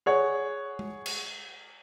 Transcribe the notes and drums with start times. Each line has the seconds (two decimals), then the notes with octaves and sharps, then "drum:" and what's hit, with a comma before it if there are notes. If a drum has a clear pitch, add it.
0.06 G#4 C#5 F#5
0.79 drum: tom G#3
1.06 drum: cymbal